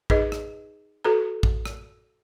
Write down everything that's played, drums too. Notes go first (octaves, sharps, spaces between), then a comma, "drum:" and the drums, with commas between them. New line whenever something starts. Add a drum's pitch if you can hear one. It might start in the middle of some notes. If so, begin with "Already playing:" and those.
D#4 G#4 B4 D#5, drum: kick
drum: rim click
F#4 A4 B4 A#5
drum: kick
drum: rim click